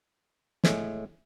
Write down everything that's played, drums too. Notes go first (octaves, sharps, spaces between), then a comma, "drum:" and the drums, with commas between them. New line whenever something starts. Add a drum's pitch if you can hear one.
A2 G#3, drum: snare